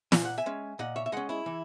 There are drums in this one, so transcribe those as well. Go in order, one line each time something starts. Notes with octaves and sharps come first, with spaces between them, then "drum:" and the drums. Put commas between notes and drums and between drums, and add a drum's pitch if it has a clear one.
A#2 G#5, drum: snare
F#5
E5 G#5
G#3 C#4
A#2 D#5 F#5
C#5 E5
E5
G#3 C#4 D#5 F#5
E4 G#4
E3